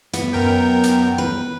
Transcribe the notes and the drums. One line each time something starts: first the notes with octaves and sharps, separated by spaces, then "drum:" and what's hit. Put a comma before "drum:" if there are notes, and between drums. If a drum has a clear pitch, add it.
B3, drum: hi-hat
F#2 A#4 G5
drum: hi-hat
B4